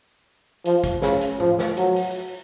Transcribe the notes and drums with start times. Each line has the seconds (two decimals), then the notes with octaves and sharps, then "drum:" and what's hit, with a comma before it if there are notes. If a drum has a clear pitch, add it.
0.65 F3, drum: hi-hat
0.84 drum: kick, hi-hat
1.02 C#3, drum: snare
1.21 drum: hi-hat
1.40 F3, drum: tom G#2
1.59 drum: snare
1.77 F#3, drum: hi-hat
1.96 drum: open hi-hat